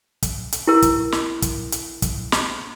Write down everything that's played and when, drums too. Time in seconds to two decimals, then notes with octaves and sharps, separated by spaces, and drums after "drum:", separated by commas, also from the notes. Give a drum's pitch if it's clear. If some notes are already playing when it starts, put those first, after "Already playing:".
0.23 drum: kick, hi-hat
0.52 drum: hi-hat
0.67 E4 A#4
0.82 drum: kick, hi-hat
1.12 drum: snare
1.42 drum: kick, hi-hat
1.72 drum: hi-hat
2.02 drum: kick, hi-hat
2.32 drum: snare